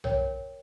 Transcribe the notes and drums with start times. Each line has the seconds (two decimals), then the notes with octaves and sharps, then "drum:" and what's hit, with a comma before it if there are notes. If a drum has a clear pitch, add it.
0.04 A#4 C#5 G5, drum: tom B1